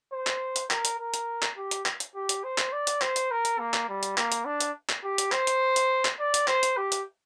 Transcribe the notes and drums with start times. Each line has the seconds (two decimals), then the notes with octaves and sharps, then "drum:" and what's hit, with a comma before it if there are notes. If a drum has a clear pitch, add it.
0.13 C5
0.27 drum: clap
0.56 drum: hi-hat
0.71 A#4, drum: clap
0.85 drum: hi-hat
0.99 A#4
1.14 drum: hi-hat
1.42 drum: clap
1.57 G4
1.71 drum: hi-hat
1.86 drum: clap
2.00 drum: hi-hat
2.15 G4
2.29 drum: hi-hat
2.44 C5
2.58 drum: clap
2.73 D5
2.87 drum: hi-hat
3.02 C5, drum: clap
3.16 drum: hi-hat
3.31 A#4
3.45 drum: hi-hat
3.59 A#3
3.74 drum: clap
3.89 G3
4.03 drum: hi-hat
4.18 A#3, drum: clap
4.32 drum: hi-hat
4.45 D4
4.61 drum: hi-hat
4.89 drum: clap
5.04 G4
5.18 drum: hi-hat
5.32 C5, drum: clap
5.47 drum: hi-hat
5.76 drum: hi-hat
6.05 drum: clap
6.19 D5
6.34 drum: hi-hat
6.48 C5, drum: clap
6.63 drum: hi-hat
6.77 G4
6.92 drum: hi-hat